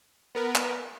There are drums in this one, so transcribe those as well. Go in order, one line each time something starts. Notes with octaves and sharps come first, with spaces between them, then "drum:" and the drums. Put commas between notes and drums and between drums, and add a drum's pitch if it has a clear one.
B3 A#4 B4
drum: clap